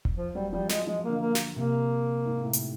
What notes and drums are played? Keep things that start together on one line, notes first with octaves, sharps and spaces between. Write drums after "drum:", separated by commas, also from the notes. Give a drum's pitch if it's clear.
drum: kick E1
F3
F#3 G3
F3 G3
F3 G#3, drum: snare
F3 G#3
A#3
D3
A#3
drum: snare
C3 A#3
G#2
A2
drum: hi-hat